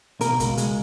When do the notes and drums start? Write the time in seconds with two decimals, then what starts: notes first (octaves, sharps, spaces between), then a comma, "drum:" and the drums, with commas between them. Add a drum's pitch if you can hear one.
0.21 B2 A#4, drum: hi-hat
0.40 C#2, drum: kick, hi-hat
0.57 G#3, drum: hi-hat